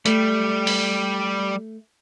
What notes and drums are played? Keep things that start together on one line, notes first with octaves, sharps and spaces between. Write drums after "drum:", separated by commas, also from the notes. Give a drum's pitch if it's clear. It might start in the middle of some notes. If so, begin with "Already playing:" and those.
G3 A3, drum: hi-hat
drum: open hi-hat